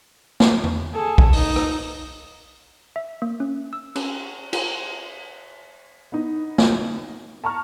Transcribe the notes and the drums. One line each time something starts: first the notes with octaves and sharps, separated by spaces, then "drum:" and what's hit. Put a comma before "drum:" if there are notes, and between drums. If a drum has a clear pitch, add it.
drum: snare
drum: tom E2
G#4 A4
drum: kick
D#4, drum: open hi-hat
drum: rim click
E5
A#3
C#4
E6
C#4, drum: cymbal
F4, drum: cymbal
B3 D#4
drum: snare
A5 A#5 C#6 F6